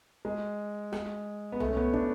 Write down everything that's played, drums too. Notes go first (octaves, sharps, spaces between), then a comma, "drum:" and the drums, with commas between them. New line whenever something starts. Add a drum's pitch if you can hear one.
G#3
G#3, drum: rim click
B3
A3, drum: tom C2
C#4
B3
D4, drum: kick